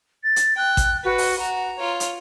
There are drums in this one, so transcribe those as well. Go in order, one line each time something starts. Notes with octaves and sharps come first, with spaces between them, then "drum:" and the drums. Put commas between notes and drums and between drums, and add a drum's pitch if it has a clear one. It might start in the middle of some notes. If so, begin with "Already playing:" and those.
A6
drum: hi-hat
G5 F#6
drum: kick A1, hi-hat
F#4 B4
drum: open hi-hat
F#4 A#5
F4 C#5
drum: hi-hat